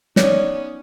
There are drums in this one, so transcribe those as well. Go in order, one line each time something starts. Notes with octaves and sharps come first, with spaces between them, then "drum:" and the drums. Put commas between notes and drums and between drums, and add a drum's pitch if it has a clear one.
B3 C#4 D#4 C#5 D5, drum: snare